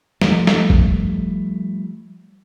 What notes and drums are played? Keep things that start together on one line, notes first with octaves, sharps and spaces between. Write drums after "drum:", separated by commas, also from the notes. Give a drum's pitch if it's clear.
F3 G3 A3, drum: snare
drum: snare
drum: kick